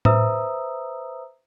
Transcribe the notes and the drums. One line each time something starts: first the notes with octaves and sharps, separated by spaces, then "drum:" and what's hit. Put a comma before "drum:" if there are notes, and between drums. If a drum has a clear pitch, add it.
B4 C5 E5 A#5 D#6 E6, drum: tom A2